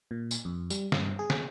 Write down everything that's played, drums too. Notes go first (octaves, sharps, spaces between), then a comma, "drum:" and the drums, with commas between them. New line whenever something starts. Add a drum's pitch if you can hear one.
A#2
drum: tambourine
F2
G3, drum: tambourine
G2, drum: snare
G#4
drum: snare